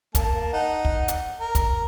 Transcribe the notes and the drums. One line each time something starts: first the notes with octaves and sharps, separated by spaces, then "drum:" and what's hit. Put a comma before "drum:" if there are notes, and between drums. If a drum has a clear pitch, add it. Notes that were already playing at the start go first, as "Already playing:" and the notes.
A#3 A5, drum: kick, hi-hat
D#4 F#5
drum: kick
drum: hi-hat
A#4
drum: kick, hi-hat